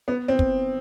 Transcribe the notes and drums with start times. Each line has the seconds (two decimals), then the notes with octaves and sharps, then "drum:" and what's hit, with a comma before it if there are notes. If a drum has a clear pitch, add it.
0.08 B3
0.28 C4
0.39 drum: kick